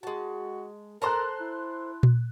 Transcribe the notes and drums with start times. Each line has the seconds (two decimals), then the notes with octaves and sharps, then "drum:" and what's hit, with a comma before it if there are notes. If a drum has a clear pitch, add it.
0.03 G#3 F#4 A5
1.02 A4 A#4 C5 A5 A#5 C6 F#6
1.40 E4
2.03 drum: tom A#2